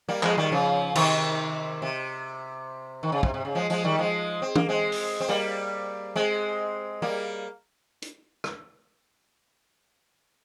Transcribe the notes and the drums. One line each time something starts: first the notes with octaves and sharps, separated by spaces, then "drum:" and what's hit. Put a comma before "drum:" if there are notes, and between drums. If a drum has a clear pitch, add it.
G3 A#3
F3 G#3, drum: clap
D#3 G3
C#3 F3
C3 D#3, drum: cymbal
C3
D#3
C#3
C3, drum: kick
C3
C#3
F3 G#3
F3 G#3, drum: tambourine
D#3 G3
F3 G#3
C4
A#3, drum: tom
G#3 C4
drum: open hi-hat
C4
G3 A#3
G#3 C4
G3 A#3
drum: hi-hat
drum: rim click